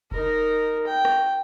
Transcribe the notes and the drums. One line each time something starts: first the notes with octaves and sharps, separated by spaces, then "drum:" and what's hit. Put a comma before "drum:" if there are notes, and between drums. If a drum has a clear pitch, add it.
D#4 A#4, drum: kick F1
G5
drum: rim click